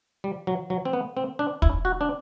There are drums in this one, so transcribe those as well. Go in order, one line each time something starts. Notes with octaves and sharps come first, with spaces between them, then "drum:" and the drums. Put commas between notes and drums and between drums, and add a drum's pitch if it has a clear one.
G3
F#3
F#3
C4
B3
C4
D4
E4, drum: kick
F#4
D4